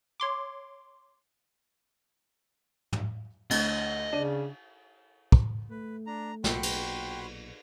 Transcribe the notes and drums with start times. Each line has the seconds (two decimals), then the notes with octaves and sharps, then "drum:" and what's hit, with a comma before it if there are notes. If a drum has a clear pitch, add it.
0.20 C#5 C6 D6
2.93 drum: tom
3.51 D2 D#5, drum: cymbal
4.13 C#3 D4 D#7
5.32 drum: kick
5.70 A3 B4
6.07 D4 A#5
6.44 B1 A#2 F#4 G5 B5 C6 C#7, drum: snare
6.63 drum: cymbal